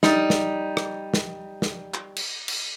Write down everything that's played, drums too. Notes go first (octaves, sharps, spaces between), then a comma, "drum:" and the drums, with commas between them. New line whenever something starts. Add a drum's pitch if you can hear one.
G3 D#4, drum: snare
drum: snare
drum: rim click
drum: snare
drum: snare
drum: clap
drum: cymbal
drum: cymbal